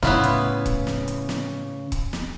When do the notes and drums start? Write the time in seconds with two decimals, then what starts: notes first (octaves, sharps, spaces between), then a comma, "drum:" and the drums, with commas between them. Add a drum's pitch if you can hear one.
0.03 A2 C#3 B3 E4 F4, drum: snare
0.24 drum: hi-hat
0.66 drum: kick C#1, hi-hat
0.87 drum: snare
1.08 drum: hi-hat
1.29 drum: snare
1.92 drum: kick C#1, hi-hat
2.13 drum: snare